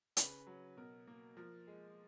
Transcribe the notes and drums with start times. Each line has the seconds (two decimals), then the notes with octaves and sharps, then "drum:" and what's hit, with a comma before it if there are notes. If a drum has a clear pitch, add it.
0.17 C#3 B4, drum: hi-hat
0.47 F#3
0.77 B2 A#4
1.07 A#3
1.37 F3 A#4
1.67 G#3